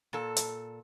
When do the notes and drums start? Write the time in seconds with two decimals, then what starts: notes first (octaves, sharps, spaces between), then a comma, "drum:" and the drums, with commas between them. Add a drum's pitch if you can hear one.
0.13 A#2 A4
0.37 drum: hi-hat